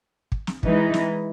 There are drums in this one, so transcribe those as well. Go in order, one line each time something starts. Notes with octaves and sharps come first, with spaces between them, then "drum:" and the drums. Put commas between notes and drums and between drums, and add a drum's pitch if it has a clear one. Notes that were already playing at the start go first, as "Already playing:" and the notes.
drum: kick
drum: snare
E3 G#3 D#4, drum: kick
drum: snare